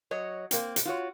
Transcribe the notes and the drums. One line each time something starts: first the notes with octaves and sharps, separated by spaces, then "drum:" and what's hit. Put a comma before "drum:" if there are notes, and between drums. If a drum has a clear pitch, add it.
F#3 C#5 D#5
A#3 C4, drum: hi-hat
drum: hi-hat
F4 F#4 C#5